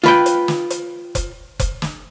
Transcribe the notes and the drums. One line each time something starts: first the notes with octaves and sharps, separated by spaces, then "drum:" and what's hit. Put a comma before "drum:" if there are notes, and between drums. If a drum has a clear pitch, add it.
F4 B4 G5, drum: snare
drum: hi-hat
drum: snare
drum: hi-hat
drum: kick F1, hi-hat
drum: kick F1, hi-hat
drum: snare